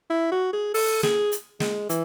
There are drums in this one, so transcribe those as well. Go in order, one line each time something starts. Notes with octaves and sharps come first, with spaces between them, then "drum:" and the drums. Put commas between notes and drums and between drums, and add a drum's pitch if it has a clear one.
E4
F#4
G#4
A4, drum: open hi-hat
G#4, drum: snare
drum: hi-hat
G#3, drum: snare
E3, drum: hi-hat